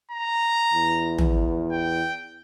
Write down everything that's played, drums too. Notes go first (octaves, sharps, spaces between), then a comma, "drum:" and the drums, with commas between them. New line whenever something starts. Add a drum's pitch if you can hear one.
A#5
E2
drum: tom
G5